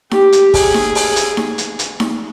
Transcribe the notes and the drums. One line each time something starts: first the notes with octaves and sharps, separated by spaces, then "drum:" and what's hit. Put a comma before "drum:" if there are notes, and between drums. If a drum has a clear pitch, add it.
G4, drum: snare D#4
drum: hi-hat
G#4, drum: kick, open hi-hat
drum: snare D#4
drum: open hi-hat
drum: hi-hat
drum: snare D#4
drum: hi-hat
drum: hi-hat
drum: snare D#4